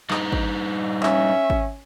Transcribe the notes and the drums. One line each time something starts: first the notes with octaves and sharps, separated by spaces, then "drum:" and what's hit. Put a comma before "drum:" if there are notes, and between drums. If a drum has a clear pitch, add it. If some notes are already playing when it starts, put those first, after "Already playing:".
G2 D#4, drum: clap
drum: kick G#1
C#4 E5, drum: clap
drum: kick G#1